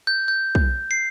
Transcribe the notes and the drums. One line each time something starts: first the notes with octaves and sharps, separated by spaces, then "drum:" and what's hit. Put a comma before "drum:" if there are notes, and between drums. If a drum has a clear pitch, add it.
G6
G6
drum: kick
C7